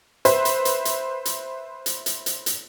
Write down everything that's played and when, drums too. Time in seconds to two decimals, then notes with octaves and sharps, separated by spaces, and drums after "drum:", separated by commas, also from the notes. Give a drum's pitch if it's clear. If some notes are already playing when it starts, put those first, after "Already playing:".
0.25 B4 C5 E5, drum: hi-hat
0.45 drum: hi-hat
0.65 drum: hi-hat
0.85 drum: hi-hat
1.26 drum: hi-hat
1.86 drum: hi-hat
2.06 drum: hi-hat
2.26 drum: hi-hat
2.46 drum: hi-hat